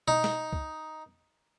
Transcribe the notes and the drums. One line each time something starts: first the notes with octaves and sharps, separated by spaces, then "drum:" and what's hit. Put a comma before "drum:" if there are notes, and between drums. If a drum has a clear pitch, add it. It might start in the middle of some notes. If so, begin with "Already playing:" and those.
D#4, drum: tom B2
drum: snare
drum: kick C#2